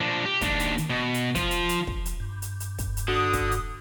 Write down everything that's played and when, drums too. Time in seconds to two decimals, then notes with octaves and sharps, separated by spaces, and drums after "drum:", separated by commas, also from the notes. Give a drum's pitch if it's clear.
0.01 F3 D4
0.25 G4
0.41 D#2 D4, drum: kick, hi-hat
0.60 drum: hi-hat
0.78 drum: hi-hat
0.90 B2
1.14 drum: hi-hat
1.35 F3 F4, drum: kick, hi-hat
1.51 drum: hi-hat
1.69 drum: hi-hat
1.87 drum: kick
2.06 drum: hi-hat
2.20 G2
2.42 drum: hi-hat
2.60 drum: hi-hat
2.78 drum: kick, hi-hat
2.97 drum: hi-hat
3.08 D3 F#4 D#6
3.33 drum: kick, hi-hat
3.51 drum: hi-hat